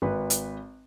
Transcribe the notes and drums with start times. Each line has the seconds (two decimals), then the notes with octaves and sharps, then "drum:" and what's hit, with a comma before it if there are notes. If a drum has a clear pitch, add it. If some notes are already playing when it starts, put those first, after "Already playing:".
0.02 G#1 B4
0.30 drum: hi-hat